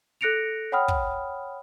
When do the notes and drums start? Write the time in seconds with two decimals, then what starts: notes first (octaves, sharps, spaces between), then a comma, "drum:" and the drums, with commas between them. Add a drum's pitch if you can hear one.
0.21 A4 F#6 A#6 C#7 D7 F7
0.72 C#5 F#5 G5 B5 D#6 F6
0.88 drum: kick